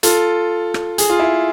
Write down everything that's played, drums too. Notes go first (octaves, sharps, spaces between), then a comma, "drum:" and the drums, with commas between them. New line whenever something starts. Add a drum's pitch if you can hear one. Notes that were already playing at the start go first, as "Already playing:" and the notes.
F4 A4, drum: hi-hat
drum: rim click
G#4, drum: hi-hat
F4
E4 G#4